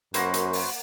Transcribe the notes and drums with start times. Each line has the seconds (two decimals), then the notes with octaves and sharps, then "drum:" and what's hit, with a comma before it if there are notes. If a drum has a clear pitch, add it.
0.14 F#2 A#3 F#4 B4 C5 F#5, drum: hi-hat
0.34 drum: hi-hat
0.53 drum: open hi-hat